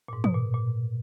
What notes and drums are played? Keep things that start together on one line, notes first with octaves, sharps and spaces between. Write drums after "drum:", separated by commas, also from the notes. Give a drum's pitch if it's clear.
A#2
G#2
B2, drum: tom
A#2
A#2